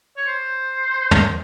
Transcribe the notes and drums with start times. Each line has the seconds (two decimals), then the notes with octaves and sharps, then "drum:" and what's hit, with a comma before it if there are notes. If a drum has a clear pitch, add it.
0.17 C#5
0.27 C5
1.11 drum: tom